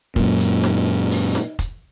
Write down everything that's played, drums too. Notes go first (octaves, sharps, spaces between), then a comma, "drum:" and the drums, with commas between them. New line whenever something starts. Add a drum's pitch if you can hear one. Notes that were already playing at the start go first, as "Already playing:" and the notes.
F#2 A#2, drum: kick F1
drum: hi-hat
drum: snare D#4
drum: open hi-hat
drum: snare D#4
drum: kick F1, hi-hat